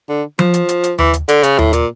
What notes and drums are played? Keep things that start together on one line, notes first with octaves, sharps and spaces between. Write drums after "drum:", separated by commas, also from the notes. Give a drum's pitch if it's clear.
D3
F3, drum: tom F3
drum: hi-hat
drum: hi-hat
drum: hi-hat
E3, drum: tom D#2
drum: hi-hat
D3, drum: hi-hat
C#3, drum: hi-hat
A2, drum: tom D#2
A#2, drum: hi-hat